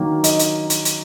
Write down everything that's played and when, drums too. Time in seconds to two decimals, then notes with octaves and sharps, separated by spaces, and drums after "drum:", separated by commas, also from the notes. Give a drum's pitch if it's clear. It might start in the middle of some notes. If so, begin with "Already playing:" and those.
Already playing: D#3 F#3 A#3
0.24 D#5, drum: hi-hat
0.39 drum: hi-hat
0.70 drum: hi-hat
0.85 drum: hi-hat